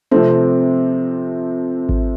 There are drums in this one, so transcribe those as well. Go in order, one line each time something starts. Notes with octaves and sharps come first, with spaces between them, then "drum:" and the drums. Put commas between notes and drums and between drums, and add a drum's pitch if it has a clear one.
C3 F3 A3 C4
drum: kick G#1